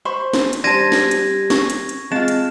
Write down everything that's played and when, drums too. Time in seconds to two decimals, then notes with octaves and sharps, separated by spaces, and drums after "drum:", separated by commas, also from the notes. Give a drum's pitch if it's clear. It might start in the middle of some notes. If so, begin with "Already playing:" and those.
0.05 C5 B5 C#6
0.33 drum: snare
0.53 drum: hi-hat
0.64 G3 D4 C5 A5 G#6 A#6 D#7
0.92 drum: snare
1.11 drum: hi-hat
1.50 C#6, drum: snare
1.70 drum: hi-hat
1.89 drum: hi-hat
2.12 G#3 C4 F4 A5 E7
2.28 drum: hi-hat